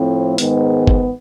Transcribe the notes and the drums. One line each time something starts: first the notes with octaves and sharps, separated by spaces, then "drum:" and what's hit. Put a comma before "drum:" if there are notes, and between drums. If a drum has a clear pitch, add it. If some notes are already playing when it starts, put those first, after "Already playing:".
Already playing: A2 F3 A3 C4
G#2 D#3 G#3 B3, drum: hi-hat
drum: kick G1